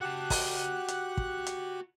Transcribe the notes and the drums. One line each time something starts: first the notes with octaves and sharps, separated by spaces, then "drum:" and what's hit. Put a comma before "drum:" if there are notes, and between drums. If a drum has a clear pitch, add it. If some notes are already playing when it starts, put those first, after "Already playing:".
F#4 G4 F#5 A5 F#6
drum: kick, open hi-hat
drum: hi-hat
drum: kick
drum: hi-hat